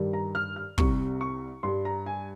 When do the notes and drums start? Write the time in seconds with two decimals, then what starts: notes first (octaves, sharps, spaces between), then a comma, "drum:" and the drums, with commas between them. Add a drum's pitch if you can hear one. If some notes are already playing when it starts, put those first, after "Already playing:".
Already playing: G2 D#3 G3
0.13 A#5
0.35 F6
0.56 F6
0.78 C2 C3 G3 C#6, drum: kick
1.21 C#6
1.63 G2 G3 C6
1.85 A#5
2.06 G#5